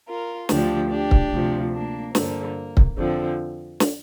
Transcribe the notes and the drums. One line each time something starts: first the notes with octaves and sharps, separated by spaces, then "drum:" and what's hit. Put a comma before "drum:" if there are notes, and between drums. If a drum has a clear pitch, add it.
F4 A#4
D2 D3 F3 D4 G4, drum: snare
D4 G4
drum: kick C#1
D2 C3 F3
A#3 D4
G2 D3 F3 A#3, drum: snare
drum: kick C#1
F2 D3 F3 C4
drum: snare